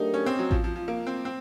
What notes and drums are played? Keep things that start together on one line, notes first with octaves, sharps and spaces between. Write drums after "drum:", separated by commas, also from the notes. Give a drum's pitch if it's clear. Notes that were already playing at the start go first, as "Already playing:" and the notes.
Already playing: F#3 A3 D4 D#4 G4 A#4
C#4
C4
F#3
F3, drum: kick A1
F3
F3
A#3
C4
C4